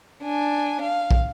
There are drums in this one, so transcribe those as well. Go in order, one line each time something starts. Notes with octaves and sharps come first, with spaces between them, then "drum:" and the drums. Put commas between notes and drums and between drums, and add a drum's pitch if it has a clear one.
D4 G#5
F5
drum: kick